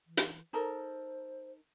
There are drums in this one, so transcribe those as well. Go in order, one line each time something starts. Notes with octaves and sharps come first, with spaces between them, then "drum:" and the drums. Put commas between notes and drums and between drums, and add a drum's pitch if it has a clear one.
E3
drum: hi-hat
D#4 A4 A#4 C5